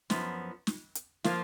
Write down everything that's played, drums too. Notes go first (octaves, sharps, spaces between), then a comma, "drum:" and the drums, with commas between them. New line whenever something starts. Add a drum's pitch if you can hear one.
F#2 F3 B3, drum: snare
drum: snare
drum: hi-hat
F3 A#3 F4, drum: snare